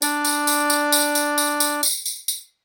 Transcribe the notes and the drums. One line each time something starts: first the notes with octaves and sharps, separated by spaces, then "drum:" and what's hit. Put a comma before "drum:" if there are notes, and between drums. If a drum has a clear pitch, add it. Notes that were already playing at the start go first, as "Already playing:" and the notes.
D4 D5, drum: tambourine
drum: tambourine
drum: tambourine
drum: tambourine
drum: tambourine
drum: tambourine
drum: tambourine
drum: tambourine
drum: tambourine
drum: tambourine
drum: tambourine